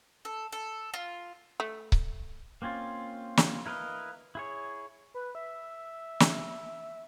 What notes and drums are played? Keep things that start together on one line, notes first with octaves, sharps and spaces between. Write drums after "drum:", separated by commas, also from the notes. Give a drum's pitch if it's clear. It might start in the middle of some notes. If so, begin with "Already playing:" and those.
A4
A4
F4
A3
drum: kick C#1
A#3 C4 C#4 F4
drum: snare
E4 A#4 B4 D#5 F5
E4 G#4 C#5
B4
E5
drum: snare